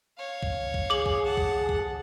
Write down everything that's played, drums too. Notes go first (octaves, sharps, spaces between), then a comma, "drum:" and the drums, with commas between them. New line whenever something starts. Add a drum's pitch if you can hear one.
C#5 F5
drum: kick
drum: kick
G#4 D6 F#7
drum: kick
F#5 A5
drum: kick
drum: kick